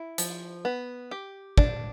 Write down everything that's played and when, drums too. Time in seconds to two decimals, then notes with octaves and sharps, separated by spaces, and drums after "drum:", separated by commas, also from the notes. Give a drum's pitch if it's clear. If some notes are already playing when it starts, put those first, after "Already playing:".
Already playing: E4
0.18 F3, drum: hi-hat
0.65 B3
1.11 G4
1.58 D4, drum: kick